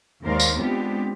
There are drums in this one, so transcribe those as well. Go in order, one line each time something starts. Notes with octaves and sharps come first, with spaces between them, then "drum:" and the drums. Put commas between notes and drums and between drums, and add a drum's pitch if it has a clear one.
D#2 G#3 A#4 C5 D5 F5
drum: tambourine
G#3 B3 C4 D4 F4 G4